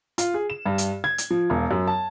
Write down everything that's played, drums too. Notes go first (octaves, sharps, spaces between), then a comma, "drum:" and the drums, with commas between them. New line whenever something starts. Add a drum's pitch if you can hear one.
F4, drum: hi-hat
G#4
E7
G2
drum: hi-hat
G#6
drum: hi-hat
F3
E1
F#2
A5